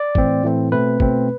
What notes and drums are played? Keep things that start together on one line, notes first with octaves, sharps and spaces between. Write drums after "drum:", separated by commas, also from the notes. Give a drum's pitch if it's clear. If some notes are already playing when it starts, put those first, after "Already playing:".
Already playing: D5
A2 E3 A3 C4, drum: kick
A2 E3 A3 C4
B2 A3 C4 B4
B2 A3 C4, drum: kick